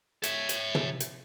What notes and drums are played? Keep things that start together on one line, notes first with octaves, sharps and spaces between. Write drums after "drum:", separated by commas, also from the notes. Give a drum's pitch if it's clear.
C#5 E5, drum: hi-hat
drum: hi-hat
drum: tom
drum: hi-hat